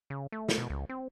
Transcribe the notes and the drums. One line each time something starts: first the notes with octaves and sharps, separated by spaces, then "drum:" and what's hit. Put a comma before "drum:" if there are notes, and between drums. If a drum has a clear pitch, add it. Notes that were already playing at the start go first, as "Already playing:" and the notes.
C#3
A3
drum: snare
B2
C#2
C4